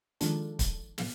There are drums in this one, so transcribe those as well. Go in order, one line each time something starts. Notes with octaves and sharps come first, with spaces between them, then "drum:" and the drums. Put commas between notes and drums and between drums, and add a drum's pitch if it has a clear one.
D#3 F3 G#3 D4 A4, drum: hi-hat
drum: kick, hi-hat
drum: snare